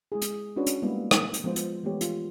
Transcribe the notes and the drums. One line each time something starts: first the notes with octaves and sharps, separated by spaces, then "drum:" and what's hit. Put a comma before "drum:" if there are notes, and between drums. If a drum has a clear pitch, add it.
G#3 E4 G#4
drum: hi-hat
C#4 D4 E4 F#4 B4 C#5
drum: hi-hat
G3 G#3 A#3 B3 E4
drum: rim click
drum: hi-hat
F3 G#3 B3 F4 C5
drum: hi-hat
E3 G#3 A3 B3 G4 C#5
F4, drum: hi-hat